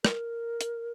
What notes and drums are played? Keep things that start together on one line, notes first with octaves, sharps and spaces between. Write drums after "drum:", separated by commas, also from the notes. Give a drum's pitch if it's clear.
A#4, drum: rim click
drum: hi-hat